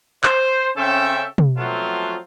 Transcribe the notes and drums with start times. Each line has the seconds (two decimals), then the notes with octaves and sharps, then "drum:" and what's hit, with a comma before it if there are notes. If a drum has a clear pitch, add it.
0.23 C5, drum: clap
0.76 C#3 C4 C#4 A4 E5 G5
1.38 drum: tom
1.58 F3 F#3 A3 B3 C4 F4